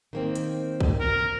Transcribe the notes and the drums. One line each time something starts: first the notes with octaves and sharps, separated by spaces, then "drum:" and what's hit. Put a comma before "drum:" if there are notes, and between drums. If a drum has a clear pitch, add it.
D#3 A#3 C4
drum: hi-hat
drum: kick
A#4